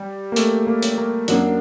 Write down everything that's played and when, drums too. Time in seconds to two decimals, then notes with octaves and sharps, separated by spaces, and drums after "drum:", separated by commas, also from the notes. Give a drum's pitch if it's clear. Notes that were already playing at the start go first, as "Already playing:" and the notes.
Already playing: G3
0.32 A#3
0.36 A3, drum: hi-hat
0.67 A#3
0.83 drum: hi-hat
0.98 A#3
1.28 F#2 F#3 A#3 D4, drum: hi-hat